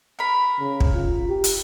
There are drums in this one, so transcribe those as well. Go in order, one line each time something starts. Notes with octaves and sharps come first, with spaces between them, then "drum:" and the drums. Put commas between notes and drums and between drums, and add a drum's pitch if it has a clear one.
A#4 B5
C#3
drum: kick
F4
G4
drum: hi-hat